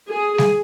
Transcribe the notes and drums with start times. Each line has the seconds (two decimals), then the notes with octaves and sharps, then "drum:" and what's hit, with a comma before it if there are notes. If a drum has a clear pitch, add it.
0.09 G#4
0.38 drum: snare G3